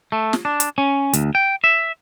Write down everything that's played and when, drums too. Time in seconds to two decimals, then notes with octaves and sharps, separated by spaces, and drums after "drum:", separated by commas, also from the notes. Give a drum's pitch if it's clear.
0.12 A3
0.33 drum: snare
0.45 D4
0.60 drum: hi-hat
0.78 C#4
1.13 D2, drum: hi-hat
1.35 G5
1.64 E5